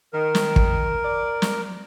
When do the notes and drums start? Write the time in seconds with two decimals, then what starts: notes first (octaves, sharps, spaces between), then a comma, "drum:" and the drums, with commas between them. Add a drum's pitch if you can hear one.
0.13 D#3 A#4
0.35 drum: snare
0.56 drum: kick
1.05 D5
1.42 drum: snare